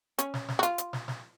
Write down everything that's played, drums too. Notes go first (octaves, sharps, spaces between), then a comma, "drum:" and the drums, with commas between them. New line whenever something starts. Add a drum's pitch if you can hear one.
C#4, drum: hi-hat
drum: snare
drum: snare
F#4
F4, drum: hi-hat
drum: hi-hat
drum: snare
drum: snare